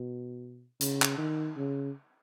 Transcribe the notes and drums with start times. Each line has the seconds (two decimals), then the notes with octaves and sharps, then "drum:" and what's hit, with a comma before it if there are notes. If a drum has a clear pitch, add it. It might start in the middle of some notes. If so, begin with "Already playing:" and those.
Already playing: B2
0.81 C#3, drum: hi-hat
1.02 drum: clap
1.18 D#3
1.57 C#3